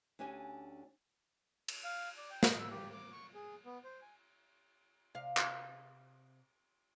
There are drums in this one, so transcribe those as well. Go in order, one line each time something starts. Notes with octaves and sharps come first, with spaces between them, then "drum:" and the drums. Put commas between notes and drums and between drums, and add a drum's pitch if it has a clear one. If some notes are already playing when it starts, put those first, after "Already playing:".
D2 C#4 D4 G4 G#5
drum: cymbal
F5
D5
G5
D#5, drum: snare
E6
G4
D6
C#6
G#4
B3
C5
G#5
C3 F5
drum: clap